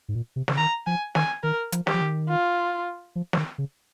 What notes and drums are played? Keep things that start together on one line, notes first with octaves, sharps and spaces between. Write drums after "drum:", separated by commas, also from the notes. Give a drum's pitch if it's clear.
G#2
A#2
C3
C#3, drum: snare
D#3 A#5
F3 G#5
D#3 G#5, drum: snare
D#3 A#4
F3, drum: hi-hat
G4, drum: snare
F3
D#3
F4
F3
F3, drum: snare
D#3
C#3